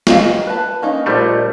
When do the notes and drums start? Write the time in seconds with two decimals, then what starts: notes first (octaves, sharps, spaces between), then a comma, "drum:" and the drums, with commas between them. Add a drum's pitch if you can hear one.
0.07 G#3 D#5 F5, drum: snare
0.47 B4 A5
0.82 A#3 C#4 D#4
1.06 A#1 G3 A3 F4 A#4 D#5